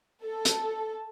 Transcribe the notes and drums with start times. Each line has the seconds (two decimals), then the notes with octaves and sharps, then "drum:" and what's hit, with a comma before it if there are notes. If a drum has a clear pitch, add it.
0.24 A4
0.45 drum: hi-hat